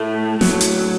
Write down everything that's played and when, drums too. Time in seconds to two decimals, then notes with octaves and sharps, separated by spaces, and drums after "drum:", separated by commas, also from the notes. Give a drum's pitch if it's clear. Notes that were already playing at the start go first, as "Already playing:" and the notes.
Already playing: A2 A3
0.41 A2 F#3, drum: snare
0.61 drum: hi-hat